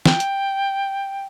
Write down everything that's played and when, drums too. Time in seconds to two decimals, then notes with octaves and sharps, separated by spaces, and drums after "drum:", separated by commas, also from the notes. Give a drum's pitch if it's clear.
0.06 G5, drum: snare
0.20 drum: hi-hat